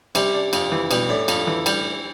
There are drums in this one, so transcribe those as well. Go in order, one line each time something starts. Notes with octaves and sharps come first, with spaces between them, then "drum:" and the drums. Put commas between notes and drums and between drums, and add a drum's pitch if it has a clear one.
C3 G3, drum: cymbal
D4
F2, drum: cymbal
E3
B2 G3, drum: cymbal
A2 D4
F2, drum: cymbal
E3
G3, drum: cymbal